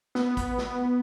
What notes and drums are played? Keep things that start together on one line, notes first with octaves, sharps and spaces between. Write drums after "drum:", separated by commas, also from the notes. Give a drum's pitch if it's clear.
B3, drum: snare
drum: kick, hi-hat
drum: snare